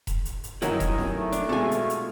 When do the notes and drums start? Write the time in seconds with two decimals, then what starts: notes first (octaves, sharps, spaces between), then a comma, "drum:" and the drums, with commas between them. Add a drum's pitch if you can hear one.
0.07 drum: kick E1, hi-hat
0.25 drum: hi-hat
0.44 drum: hi-hat
0.62 G2 D#3 F#3 E4 F#4 D#5 G#5, drum: hi-hat
0.80 drum: kick E1, hi-hat
0.98 drum: snare
1.13 A3
1.32 D4, drum: hi-hat
1.49 B2 G#3 F4 A4 G#5
1.71 drum: hi-hat
1.90 drum: hi-hat